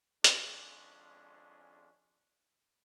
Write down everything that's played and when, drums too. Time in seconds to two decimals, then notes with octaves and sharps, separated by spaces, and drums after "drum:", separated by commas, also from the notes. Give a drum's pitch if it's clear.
0.24 G#1 F2 G#3 C#4 D4, drum: hi-hat